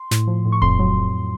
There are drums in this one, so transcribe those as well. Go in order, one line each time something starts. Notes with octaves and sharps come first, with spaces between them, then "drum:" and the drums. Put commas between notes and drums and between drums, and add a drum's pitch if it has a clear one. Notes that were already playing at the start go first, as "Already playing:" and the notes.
Already playing: C6
A2, drum: snare
F3
A2
C#6
F2 C6, drum: kick D#1
F#3
F2